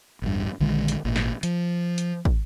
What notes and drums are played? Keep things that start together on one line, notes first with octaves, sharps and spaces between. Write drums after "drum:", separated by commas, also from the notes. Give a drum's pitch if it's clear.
A1 E2 G2
A#1 D3 D#3 G#3
drum: hi-hat
G#1 A#2
drum: snare
F3, drum: hi-hat
drum: hi-hat
drum: kick